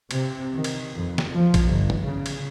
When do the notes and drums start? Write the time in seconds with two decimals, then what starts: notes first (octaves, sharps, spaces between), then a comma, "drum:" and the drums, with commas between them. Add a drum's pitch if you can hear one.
0.11 C3, drum: cymbal
0.54 D#3
0.64 drum: cymbal
0.93 F2
1.18 drum: snare
1.31 F3
1.54 drum: kick A#1, cymbal
1.67 G1
1.90 drum: tom
2.05 C#3
2.26 drum: cymbal